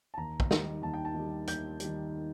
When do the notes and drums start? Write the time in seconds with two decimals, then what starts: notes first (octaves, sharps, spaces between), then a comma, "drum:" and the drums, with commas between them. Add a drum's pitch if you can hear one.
0.14 A5
0.17 D#2 A#5
0.40 drum: kick
0.51 D#3 G3, drum: snare
0.82 D#2 A5
0.94 G5
1.05 A5
1.15 D#3 G3
1.47 D#2 G6, drum: hi-hat
1.80 D#3 G3, drum: hi-hat